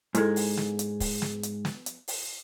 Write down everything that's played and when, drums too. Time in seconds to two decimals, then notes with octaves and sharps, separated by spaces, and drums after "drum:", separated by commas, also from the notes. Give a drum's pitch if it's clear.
0.15 G#2 G#3 E4 A4, drum: hi-hat
0.36 drum: open hi-hat
0.57 drum: snare
0.79 drum: hi-hat
1.00 drum: kick, open hi-hat
1.22 drum: snare
1.43 drum: hi-hat
1.65 drum: snare
1.86 drum: hi-hat
2.08 drum: open hi-hat